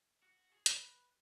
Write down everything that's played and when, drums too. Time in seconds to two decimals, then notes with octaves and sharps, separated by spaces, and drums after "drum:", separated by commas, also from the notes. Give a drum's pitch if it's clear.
0.22 F#4
0.52 G#4
0.66 B4, drum: hi-hat